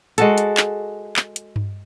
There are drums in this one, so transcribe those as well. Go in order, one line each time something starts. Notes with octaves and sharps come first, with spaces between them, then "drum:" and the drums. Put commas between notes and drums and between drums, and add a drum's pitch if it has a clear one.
G#3 F#4 A4, drum: hi-hat
drum: hi-hat
drum: clap
drum: clap
drum: hi-hat
drum: tom G2